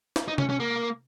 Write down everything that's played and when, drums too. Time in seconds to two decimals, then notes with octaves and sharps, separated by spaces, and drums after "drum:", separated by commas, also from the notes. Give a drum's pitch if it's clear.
0.16 drum: snare
0.28 D#4
0.38 C#4, drum: tom C3
0.50 C#4
0.60 A#3